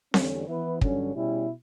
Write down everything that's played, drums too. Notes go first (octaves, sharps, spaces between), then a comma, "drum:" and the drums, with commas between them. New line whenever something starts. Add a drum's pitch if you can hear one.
E2 D3 G3 C#4, drum: snare C4
E3 B3 E4 B4
G2 D3 F#3 C#4, drum: kick
B2 G3 C#4 E4